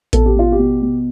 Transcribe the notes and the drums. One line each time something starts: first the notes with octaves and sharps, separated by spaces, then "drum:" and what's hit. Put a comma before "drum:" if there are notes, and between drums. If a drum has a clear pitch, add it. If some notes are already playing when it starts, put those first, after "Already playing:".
B2 A4, drum: kick A1, hi-hat
G4
B2 F4
G4
B2
B2